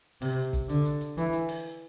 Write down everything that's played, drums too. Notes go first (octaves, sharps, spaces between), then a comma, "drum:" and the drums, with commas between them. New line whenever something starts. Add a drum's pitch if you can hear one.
C3, drum: open hi-hat
drum: kick, hi-hat
D3, drum: hi-hat
drum: hi-hat
drum: hi-hat
E3, drum: hi-hat
drum: hi-hat
drum: open hi-hat